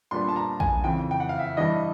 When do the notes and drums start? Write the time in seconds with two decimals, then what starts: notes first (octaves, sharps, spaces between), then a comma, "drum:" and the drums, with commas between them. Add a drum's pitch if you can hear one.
0.11 A#2 G3 B3 D4 C6
0.29 A5
0.36 A#5
0.60 G#5, drum: kick A#1
0.84 F2 C#3 E3 G5
1.11 G5
1.20 F#5
1.29 F5
1.39 E5
1.57 G2 E3 G3 B3 E4 D#5